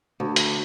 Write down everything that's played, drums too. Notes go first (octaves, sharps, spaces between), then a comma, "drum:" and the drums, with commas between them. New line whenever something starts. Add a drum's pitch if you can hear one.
D2
drum: hi-hat